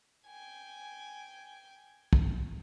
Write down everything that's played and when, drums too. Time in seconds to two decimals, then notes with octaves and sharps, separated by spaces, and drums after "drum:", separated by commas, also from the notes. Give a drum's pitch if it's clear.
0.28 G5 G#5
2.13 drum: kick